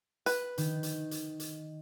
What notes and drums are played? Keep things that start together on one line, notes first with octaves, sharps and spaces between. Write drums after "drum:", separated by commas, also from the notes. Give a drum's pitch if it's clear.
B4, drum: hi-hat
D#3, drum: hi-hat
drum: hi-hat
drum: hi-hat
drum: hi-hat